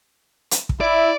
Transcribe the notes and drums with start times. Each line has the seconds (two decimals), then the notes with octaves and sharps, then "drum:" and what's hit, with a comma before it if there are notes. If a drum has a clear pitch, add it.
0.51 drum: hi-hat
0.69 drum: kick
0.81 E4 D5